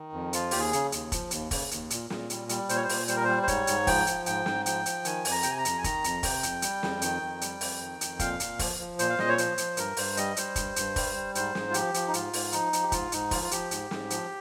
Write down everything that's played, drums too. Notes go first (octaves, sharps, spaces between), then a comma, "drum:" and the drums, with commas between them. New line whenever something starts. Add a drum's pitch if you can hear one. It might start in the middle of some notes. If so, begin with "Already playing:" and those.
Already playing: D#3
F2
F3 F4, drum: hi-hat
D#2 G4, drum: open hi-hat
G#4
C#3, drum: hi-hat
D#2, drum: hi-hat
F3, drum: kick, hi-hat
D#2, drum: hi-hat
C#3, drum: kick, open hi-hat
D#2, drum: hi-hat
A#2, drum: hi-hat
A#2, drum: snare
G3, drum: hi-hat
G3, drum: hi-hat
A#2 C5, drum: hi-hat
C#5
C5
A#2, drum: open hi-hat
G3 C5, drum: hi-hat
A#4
G3 C5
C5
G#2 C#5, drum: kick, hi-hat
G#2, drum: hi-hat
F3 G5, drum: kick, open hi-hat
F3, drum: hi-hat
G#2 G5, drum: hi-hat
G#2, drum: snare
F3 G5, drum: hi-hat
F3, drum: hi-hat
D#3 G#5, drum: hi-hat
F2, drum: open hi-hat
A#5
C3 G5, drum: hi-hat
G#5
A#5
F2, drum: hi-hat
G#5
D#3 A#5, drum: kick, hi-hat
F2, drum: hi-hat
C3 G5, drum: kick, open hi-hat
F2, drum: hi-hat
G3, drum: hi-hat
F2, drum: snare
D#3, drum: hi-hat
F2
G3, drum: hi-hat
F2, drum: open hi-hat
D#3
F2, drum: hi-hat
A#2 F5, drum: kick, hi-hat
A#2, drum: hi-hat
F3, drum: kick, open hi-hat
F3
A#2 C5, drum: hi-hat
F5
A#2 D#5, drum: snare
C#5
F3 C5, drum: hi-hat
F3, drum: hi-hat
G2 A#4, drum: hi-hat
G2 C5, drum: open hi-hat
G3 D#5, drum: hi-hat
G3 C5, drum: hi-hat
G2, drum: kick, hi-hat
G2, drum: hi-hat
G3, drum: kick, open hi-hat
G3
G#2 C5, drum: hi-hat
G#2, drum: snare
F4
F3 G4, drum: hi-hat
F3, drum: hi-hat
D#4
G#2 F4, drum: hi-hat
G#2, drum: open hi-hat
F3 D#4, drum: hi-hat
F3, drum: hi-hat
G4
G#2 F4, drum: kick, hi-hat
G#2 D#4, drum: hi-hat
F3 F4, drum: kick, open hi-hat
F4
F3 G4, drum: hi-hat
G#2, drum: hi-hat
G#2, drum: snare
F3, drum: hi-hat